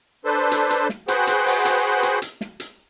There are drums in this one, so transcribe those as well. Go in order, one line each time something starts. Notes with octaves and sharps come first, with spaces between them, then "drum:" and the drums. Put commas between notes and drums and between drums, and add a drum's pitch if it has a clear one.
D4 A4 B4 C5
drum: hi-hat
drum: hi-hat
drum: snare
F#4 G#4 B4 C5 F#5 G5, drum: hi-hat
drum: hi-hat
drum: open hi-hat
drum: hi-hat
drum: hi-hat
drum: hi-hat
drum: snare
drum: hi-hat